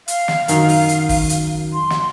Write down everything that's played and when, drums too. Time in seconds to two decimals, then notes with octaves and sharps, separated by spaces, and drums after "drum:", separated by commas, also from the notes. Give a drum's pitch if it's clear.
0.08 F5, drum: hi-hat
0.28 drum: snare
0.48 F#2 D#3 F#3, drum: hi-hat
0.69 drum: open hi-hat
0.89 drum: hi-hat
1.09 drum: kick, open hi-hat
1.29 drum: hi-hat
1.73 C6
1.90 drum: snare